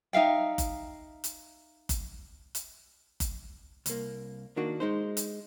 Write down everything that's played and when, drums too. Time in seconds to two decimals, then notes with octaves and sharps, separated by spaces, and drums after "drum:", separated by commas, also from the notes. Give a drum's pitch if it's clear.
0.13 D#4 E5 F5 G5
0.58 drum: kick F#1, hi-hat
1.24 drum: hi-hat
1.89 drum: kick F#1, hi-hat
2.55 drum: hi-hat
3.20 drum: kick F#1, hi-hat
3.86 C2 A#3, drum: hi-hat
4.56 D#3 A#3 D4 F#4
4.80 G#3 D#4 C5
5.17 drum: hi-hat